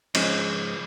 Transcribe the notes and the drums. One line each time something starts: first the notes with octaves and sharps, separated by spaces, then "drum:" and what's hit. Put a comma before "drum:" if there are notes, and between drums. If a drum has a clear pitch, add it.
C#2 G#2 C#3 F3 C#4, drum: cymbal